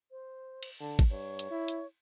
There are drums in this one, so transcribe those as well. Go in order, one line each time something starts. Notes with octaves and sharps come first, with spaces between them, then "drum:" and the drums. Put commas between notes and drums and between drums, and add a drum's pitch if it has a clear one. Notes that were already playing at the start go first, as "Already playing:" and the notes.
C5
drum: cymbal
D3 A5
drum: kick G#1
G2 C#5
drum: hi-hat
E4
drum: hi-hat